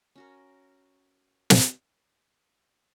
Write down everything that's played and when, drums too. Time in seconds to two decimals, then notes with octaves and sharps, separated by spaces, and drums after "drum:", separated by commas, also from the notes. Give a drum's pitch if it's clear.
0.16 C#4 F#4 A#4
1.50 drum: snare